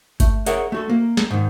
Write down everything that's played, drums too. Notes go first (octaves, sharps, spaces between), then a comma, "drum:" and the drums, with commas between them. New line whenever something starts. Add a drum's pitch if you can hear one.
A3, drum: kick G1, hi-hat
G#4 A#4 C#5 E5 F#5, drum: hi-hat
A3 F#4 A4
A#3
drum: snare
G#2 D#3